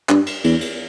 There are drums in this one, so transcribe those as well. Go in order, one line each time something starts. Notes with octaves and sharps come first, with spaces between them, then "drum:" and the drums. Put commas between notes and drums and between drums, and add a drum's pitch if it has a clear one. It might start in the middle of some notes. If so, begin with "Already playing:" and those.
G2, drum: clap
drum: cymbal
E2, drum: cymbal
drum: cymbal